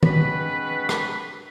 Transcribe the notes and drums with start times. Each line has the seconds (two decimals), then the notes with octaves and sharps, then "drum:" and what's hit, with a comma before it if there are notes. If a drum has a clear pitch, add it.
0.03 G#3 C4 D4 F#4 B4, drum: tom
0.89 drum: rim click